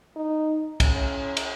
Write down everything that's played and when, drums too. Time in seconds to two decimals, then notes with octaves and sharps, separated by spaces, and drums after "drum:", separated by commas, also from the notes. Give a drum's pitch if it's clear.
0.16 D#4
0.80 C#4, drum: kick, cymbal
1.37 drum: cymbal